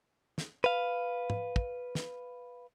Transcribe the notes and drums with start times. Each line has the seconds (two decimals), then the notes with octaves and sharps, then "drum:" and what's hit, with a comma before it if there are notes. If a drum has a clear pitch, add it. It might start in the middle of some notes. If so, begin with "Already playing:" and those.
0.38 drum: snare
0.64 B4 F5
1.30 drum: tom G#2
1.56 drum: kick
1.95 drum: snare